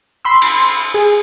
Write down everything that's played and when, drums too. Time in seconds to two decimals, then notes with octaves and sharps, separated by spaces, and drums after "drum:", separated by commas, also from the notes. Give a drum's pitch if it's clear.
0.25 B5 C6 E6
0.42 drum: cymbal
0.94 G#4